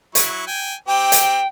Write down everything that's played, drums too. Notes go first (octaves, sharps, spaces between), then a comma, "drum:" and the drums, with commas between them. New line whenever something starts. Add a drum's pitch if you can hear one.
F#3 E4 C#6, drum: hi-hat
G5 G#5
C4 G4 G5
drum: hi-hat